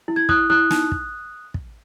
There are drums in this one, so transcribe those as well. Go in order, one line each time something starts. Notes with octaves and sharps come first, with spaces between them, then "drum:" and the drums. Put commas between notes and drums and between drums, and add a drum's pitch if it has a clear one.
E4
G#6
E4 D#6 F#6, drum: kick
E4 D#6 F#6
D#4, drum: snare
drum: kick
drum: kick